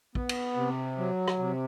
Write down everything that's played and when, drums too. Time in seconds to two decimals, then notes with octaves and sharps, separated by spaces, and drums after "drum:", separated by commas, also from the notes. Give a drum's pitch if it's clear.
0.15 B3, drum: kick
0.29 drum: cymbal
0.56 C3
0.98 F#3
1.28 drum: rim click
1.39 C3